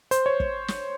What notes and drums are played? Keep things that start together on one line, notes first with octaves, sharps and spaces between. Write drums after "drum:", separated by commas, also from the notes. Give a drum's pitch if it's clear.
C5, drum: hi-hat
C#5
drum: kick
drum: snare